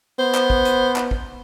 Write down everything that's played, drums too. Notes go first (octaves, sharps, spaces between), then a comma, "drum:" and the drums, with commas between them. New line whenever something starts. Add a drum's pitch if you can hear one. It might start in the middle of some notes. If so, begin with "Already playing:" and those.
B3 C5
drum: clap
drum: kick
drum: hi-hat
drum: clap
drum: kick